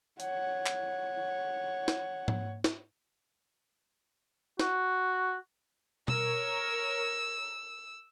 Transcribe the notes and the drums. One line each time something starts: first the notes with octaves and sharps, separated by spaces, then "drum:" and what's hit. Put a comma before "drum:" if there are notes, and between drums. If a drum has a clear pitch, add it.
C#5 F#5, drum: hi-hat
drum: clap
drum: snare
drum: tom G#2
drum: snare
F#4, drum: snare
A#4 C#5 E6, drum: tom B2